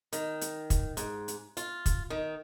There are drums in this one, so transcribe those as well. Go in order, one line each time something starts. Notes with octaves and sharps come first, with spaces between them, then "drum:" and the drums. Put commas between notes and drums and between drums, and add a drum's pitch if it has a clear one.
D#3, drum: hi-hat
drum: hi-hat
drum: kick, hi-hat
G#2, drum: hi-hat
drum: hi-hat
F4, drum: hi-hat
drum: kick, hi-hat
D#3